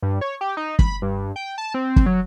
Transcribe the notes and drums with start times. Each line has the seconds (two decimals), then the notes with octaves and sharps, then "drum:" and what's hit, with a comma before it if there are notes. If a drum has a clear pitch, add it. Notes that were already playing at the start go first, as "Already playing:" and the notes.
0.02 G2
0.21 C#5
0.41 G4
0.57 D#4
0.79 B5, drum: kick
1.02 G2
1.36 G5
1.58 A5
1.74 C4
1.96 drum: kick
2.06 F#3